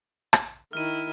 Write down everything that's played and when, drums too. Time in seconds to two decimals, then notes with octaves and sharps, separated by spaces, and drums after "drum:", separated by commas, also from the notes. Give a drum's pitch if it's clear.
0.33 drum: rim click
0.73 D#3 E4 F6 D#7